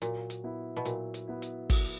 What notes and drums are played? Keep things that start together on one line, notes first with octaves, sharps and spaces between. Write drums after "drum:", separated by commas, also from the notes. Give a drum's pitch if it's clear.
A#2 F#3, drum: hi-hat
drum: hi-hat
B3 E4
B2
A#2 F#3, drum: hi-hat
drum: hi-hat
B3 E4
drum: hi-hat
F#3, drum: kick, open hi-hat